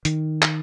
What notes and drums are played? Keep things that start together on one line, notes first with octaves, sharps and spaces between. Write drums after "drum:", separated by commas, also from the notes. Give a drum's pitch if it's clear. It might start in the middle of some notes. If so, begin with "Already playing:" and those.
D#3, drum: hi-hat
drum: clap